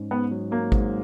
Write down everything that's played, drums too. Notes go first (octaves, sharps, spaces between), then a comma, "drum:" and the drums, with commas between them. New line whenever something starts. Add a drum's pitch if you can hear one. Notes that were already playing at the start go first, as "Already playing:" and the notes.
Already playing: G#2 C#4
G#2 B3
F#3
F#3 A#3
G#2, drum: kick G#1